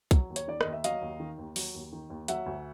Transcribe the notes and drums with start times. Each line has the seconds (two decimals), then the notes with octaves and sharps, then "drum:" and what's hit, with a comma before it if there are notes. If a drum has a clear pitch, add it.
0.11 F#3, drum: kick, hi-hat
0.30 D#2
0.36 C#5, drum: hi-hat
0.48 D#3 D5
0.61 D#2 D#5, drum: rim click
0.73 E5
0.84 F#3 D#5 F5, drum: hi-hat
1.01 D#2
1.20 D#3
1.38 D#2
1.56 F#3, drum: open hi-hat
1.75 D#2
1.92 D#3
2.10 D#2
2.28 F#3 E5 F#5, drum: hi-hat
2.46 D2